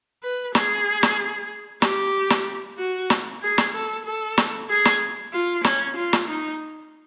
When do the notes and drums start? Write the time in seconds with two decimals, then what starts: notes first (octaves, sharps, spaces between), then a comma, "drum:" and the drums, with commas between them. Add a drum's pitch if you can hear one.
0.23 B4
0.55 G#4, drum: snare
1.03 drum: snare
1.82 G4, drum: snare
2.30 drum: snare
2.78 F#4
3.10 drum: snare
3.42 G#4
3.58 drum: snare
3.74 A4
4.05 A4
4.38 drum: snare
4.70 G#4
4.85 drum: snare
5.33 F4
5.64 C#4, drum: snare
5.97 F4
6.13 drum: snare
6.28 D#4